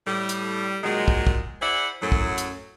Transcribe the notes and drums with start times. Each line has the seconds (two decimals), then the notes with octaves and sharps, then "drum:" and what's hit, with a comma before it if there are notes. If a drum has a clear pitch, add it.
0.06 A2 G3
0.29 drum: hi-hat
0.83 A#2 D#3 F#3 G#3
1.08 drum: kick
1.27 drum: kick
1.61 E4 G#4 C5 D5 E5 F#5
2.01 F#2 A2 F#3
2.12 drum: kick
2.38 drum: hi-hat